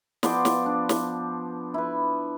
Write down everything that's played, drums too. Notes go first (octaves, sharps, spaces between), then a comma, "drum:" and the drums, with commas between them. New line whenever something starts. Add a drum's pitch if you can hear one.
F3 B3 C5 D5, drum: snare
drum: snare
D4
drum: snare
E4 B4